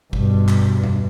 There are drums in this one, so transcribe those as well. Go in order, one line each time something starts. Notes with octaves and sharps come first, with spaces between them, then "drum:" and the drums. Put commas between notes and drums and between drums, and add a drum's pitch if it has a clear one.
G2 B2, drum: kick
drum: clap
drum: tom E2